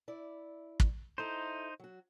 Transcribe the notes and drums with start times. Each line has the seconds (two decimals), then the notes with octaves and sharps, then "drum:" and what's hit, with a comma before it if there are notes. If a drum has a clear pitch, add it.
0.08 E4 D5
0.80 drum: kick
1.18 D#4 E4 A4 C5
1.80 F#3 F#4